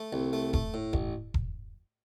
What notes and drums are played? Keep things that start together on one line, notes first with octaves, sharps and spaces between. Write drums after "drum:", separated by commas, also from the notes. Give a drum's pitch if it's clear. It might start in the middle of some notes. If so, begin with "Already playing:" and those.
Already playing: A3
C2
A3
A3, drum: kick E1
A2
A1, drum: kick E1
drum: kick E1